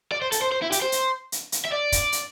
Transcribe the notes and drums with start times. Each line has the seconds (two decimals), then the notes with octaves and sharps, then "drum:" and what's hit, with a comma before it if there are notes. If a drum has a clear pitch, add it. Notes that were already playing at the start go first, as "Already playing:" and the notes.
0.12 D5
0.22 C5
0.32 A4, drum: hi-hat
0.42 C5
0.52 C5
0.62 E4
0.72 G4, drum: hi-hat
0.82 C5
0.92 drum: hi-hat
1.32 drum: hi-hat
1.52 drum: hi-hat
1.65 E5
1.72 D5
1.92 drum: kick, hi-hat
2.12 drum: hi-hat